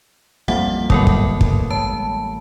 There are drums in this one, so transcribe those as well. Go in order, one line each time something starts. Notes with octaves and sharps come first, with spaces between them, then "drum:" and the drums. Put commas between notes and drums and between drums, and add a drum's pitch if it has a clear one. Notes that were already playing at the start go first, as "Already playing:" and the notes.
A1 F2 G3 A#3 E5 F#5
G1 F#3 B3 A4 A#4 D#6, drum: kick
drum: kick
drum: kick
G#3 A5